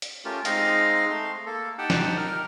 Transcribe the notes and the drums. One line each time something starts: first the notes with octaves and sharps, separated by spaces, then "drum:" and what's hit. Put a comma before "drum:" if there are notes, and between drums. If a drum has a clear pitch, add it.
drum: hi-hat
A3 C#4 F4 G4 A#4
G#3 C4 D#4 D#5 F5 F6, drum: hi-hat
A3 C6
A#3 A4
D#4 G4 F#5 G5 A5
drum: snare
A#4 F6